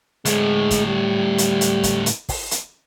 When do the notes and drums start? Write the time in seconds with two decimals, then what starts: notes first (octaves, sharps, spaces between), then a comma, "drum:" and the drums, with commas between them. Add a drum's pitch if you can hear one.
0.25 D2 A2 G#3, drum: hi-hat
0.71 drum: kick, hi-hat
0.87 G3
1.38 drum: hi-hat
1.61 drum: hi-hat
1.83 drum: kick, hi-hat
2.06 drum: hi-hat
2.29 drum: kick, open hi-hat
2.51 drum: hi-hat